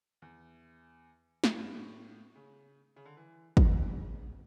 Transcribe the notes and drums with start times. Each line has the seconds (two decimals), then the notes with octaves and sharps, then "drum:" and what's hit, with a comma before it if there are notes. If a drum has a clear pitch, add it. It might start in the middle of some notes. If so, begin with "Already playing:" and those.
0.22 E2
1.44 F#2, drum: snare
1.58 G2
1.74 A2
2.36 C#3
2.96 C#3
3.05 D3
3.17 E3
3.57 D3, drum: kick
3.72 E3
3.88 C#3